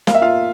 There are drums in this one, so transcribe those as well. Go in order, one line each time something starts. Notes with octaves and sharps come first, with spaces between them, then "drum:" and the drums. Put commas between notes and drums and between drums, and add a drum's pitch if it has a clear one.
A#3 F5, drum: snare
E5
F4 F5